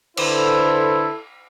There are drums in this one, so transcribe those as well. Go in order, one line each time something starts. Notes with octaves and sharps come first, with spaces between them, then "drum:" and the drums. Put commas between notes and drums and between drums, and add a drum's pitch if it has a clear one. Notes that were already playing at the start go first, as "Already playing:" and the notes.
D3 E4 A4 B4 C5, drum: cymbal